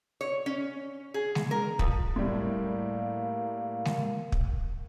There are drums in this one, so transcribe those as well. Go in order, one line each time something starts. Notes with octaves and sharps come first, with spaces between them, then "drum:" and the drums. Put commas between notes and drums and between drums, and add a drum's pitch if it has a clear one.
C#5
C#4
G#4
drum: snare G#3
A#4
F3, drum: kick
A2 G3 A#3
drum: snare G#3
drum: kick